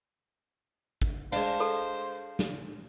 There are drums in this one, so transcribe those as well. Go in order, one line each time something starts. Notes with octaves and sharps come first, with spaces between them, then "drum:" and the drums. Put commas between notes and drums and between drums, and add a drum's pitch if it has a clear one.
drum: kick G#1
G#3 D4 C5 F5, drum: cymbal
A4, drum: hi-hat
drum: snare